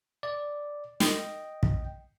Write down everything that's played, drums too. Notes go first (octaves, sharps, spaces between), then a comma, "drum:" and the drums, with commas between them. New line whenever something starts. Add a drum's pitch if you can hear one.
D5
D#5 G5, drum: snare
drum: kick